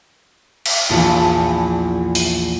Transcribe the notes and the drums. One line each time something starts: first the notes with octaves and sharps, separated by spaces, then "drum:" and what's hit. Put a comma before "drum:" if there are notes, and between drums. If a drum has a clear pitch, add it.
drum: cymbal
A#1 E2 F4 B4 A5
drum: open hi-hat